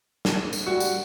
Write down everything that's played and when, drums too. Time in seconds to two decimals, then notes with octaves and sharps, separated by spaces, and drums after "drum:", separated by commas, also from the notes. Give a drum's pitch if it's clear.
0.25 drum: snare
0.53 drum: tambourine
0.67 G3 F#4
0.80 drum: tambourine